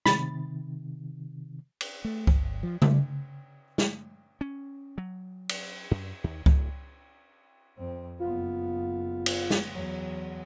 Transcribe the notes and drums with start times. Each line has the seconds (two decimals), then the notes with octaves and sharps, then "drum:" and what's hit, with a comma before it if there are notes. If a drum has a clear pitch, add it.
0.06 C3 D#3 B5 A6, drum: snare
1.81 drum: cymbal
2.05 A3
2.27 G1, drum: kick C#2
2.63 F3
2.82 G3, drum: tom C#3
3.78 drum: snare
4.41 C#4
4.98 F#3
5.49 drum: cymbal
5.91 F#2
6.24 D#2
6.46 D1, drum: kick C#2
7.78 F2 C4
8.20 F#1 B3 F4
9.26 drum: cymbal
9.50 drum: snare
9.72 E2 F#3